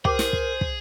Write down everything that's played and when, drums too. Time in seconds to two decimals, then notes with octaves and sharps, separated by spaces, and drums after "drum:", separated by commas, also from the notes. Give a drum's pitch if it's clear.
0.05 G4 G#4 A#4 C5, drum: kick
0.19 drum: snare
0.33 drum: kick
0.61 drum: kick